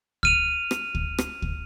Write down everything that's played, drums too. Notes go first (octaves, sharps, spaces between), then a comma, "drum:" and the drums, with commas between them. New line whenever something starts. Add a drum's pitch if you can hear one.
F6 D#7 F7, drum: kick
drum: rim click
drum: kick
drum: rim click
drum: kick